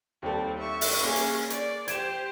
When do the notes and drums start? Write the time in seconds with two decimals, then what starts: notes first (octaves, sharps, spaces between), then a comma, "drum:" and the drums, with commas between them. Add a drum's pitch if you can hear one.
0.22 D#2 G3 C4 A4
0.60 E5 C#6
0.81 drum: open hi-hat
1.03 A#3 C#4 G#4
1.16 drum: hi-hat
1.50 D5, drum: hi-hat
1.88 G4 C5 G#6 D7 E7, drum: hi-hat